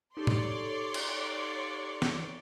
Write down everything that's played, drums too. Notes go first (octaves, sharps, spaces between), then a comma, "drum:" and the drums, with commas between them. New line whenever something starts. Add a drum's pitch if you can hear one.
D#4 G4 A4 C#5 D5 C6
drum: tom A2
drum: cymbal
drum: snare